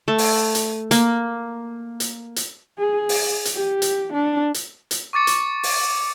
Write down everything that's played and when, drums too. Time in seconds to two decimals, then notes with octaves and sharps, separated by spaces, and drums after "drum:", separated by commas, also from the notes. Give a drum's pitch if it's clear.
0.08 A3
0.18 drum: open hi-hat
0.55 drum: hi-hat
0.91 A#3, drum: hi-hat
2.00 drum: hi-hat
2.36 drum: hi-hat
2.79 G#4
3.09 drum: open hi-hat
3.45 drum: hi-hat
3.55 G4
3.82 drum: hi-hat
4.13 D4
4.54 drum: hi-hat
4.91 drum: hi-hat
5.13 C#6 D6 A6 C#7
5.27 drum: hi-hat
5.63 drum: open hi-hat